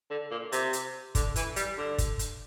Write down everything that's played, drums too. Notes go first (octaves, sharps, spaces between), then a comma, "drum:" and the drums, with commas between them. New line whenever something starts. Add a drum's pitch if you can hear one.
D3
A#2
C3, drum: hi-hat
drum: hi-hat
D3, drum: kick, hi-hat
E3, drum: hi-hat
G3, drum: hi-hat
D3
drum: kick, hi-hat
drum: hi-hat